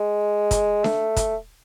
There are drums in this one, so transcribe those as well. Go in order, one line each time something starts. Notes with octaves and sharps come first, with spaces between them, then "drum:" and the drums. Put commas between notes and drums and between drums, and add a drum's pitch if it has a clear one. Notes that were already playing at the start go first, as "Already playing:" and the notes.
Already playing: G#3
drum: kick, hi-hat
A3, drum: snare D4
drum: kick, hi-hat